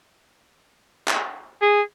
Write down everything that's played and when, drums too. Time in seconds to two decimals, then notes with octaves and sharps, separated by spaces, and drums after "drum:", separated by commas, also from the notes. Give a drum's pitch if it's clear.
1.08 drum: clap
1.62 G#4